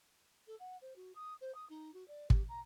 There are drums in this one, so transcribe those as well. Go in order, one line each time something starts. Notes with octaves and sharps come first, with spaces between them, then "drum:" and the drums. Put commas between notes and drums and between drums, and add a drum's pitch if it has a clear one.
A4
F#5
C5
F#4
D#6
C5
D#6
D#4
F#4
D5
G4, drum: kick
A#5